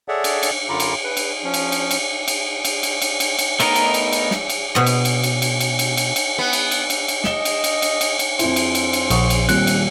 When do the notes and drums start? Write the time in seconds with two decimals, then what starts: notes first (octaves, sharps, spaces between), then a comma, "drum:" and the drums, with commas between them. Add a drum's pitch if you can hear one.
0.08 G#4 A4 C#5 D5 E5 F#5
0.24 drum: cymbal
0.43 drum: cymbal
0.69 F#2 D3 F4 A#5 B5 D6
0.80 drum: cymbal
1.04 B4
1.17 drum: cymbal
1.44 F3 C#4
1.54 drum: cymbal
1.72 drum: cymbal
1.91 drum: cymbal
2.28 drum: cymbal
2.65 drum: cymbal
2.83 drum: cymbal
3.02 drum: cymbal
3.20 drum: cymbal
3.39 drum: cymbal
3.60 A3 B3 D#4 A#4 D#5, drum: cymbal
3.76 drum: cymbal
3.94 drum: cymbal
4.12 drum: cymbal
4.31 drum: snare
4.49 drum: cymbal
4.75 B2 D#5
4.86 drum: cymbal
5.05 drum: cymbal
5.23 drum: cymbal
5.42 drum: cymbal
5.60 drum: cymbal
5.79 drum: cymbal
5.97 drum: cymbal
6.16 drum: cymbal
6.38 B3
6.53 drum: cymbal
6.71 drum: cymbal
6.90 drum: cymbal
7.08 drum: cymbal
7.24 D#5 E7 G7, drum: snare
7.45 drum: cymbal
7.64 drum: cymbal
7.82 drum: cymbal
8.01 drum: cymbal
8.19 drum: cymbal
8.39 F2 E4 C5, drum: cymbal
8.56 drum: cymbal
8.75 drum: cymbal
8.93 drum: cymbal
9.10 A#1 F#5 C#6 D#6, drum: cymbal
9.30 drum: cymbal
9.49 D#1 C4 F#6, drum: cymbal
9.67 drum: cymbal